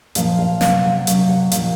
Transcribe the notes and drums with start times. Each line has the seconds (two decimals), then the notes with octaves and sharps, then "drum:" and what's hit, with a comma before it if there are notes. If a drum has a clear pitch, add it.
0.15 A#2 F3 F5, drum: hi-hat
0.39 F5
0.61 C3 F#3 F5, drum: snare
0.84 F#5
1.07 C3 D#3 F#3 F5, drum: hi-hat
1.29 F#5
1.52 A#2 F3 F5, drum: hi-hat